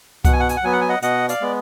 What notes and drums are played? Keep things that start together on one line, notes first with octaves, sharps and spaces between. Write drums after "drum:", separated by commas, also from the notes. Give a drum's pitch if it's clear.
B2 F#5, drum: kick C2, hi-hat
G#5
F#5
G#5, drum: hi-hat
F#5
F#3 B3 G#5
F#5
G#5
D#5 F#5
B2 D#5 F#5, drum: hi-hat
D5 F5, drum: hi-hat
G#3 B3